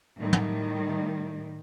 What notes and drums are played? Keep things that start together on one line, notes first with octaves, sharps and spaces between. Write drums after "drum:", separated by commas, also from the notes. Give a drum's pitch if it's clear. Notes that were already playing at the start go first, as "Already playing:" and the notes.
A2 D#3 G3
drum: tom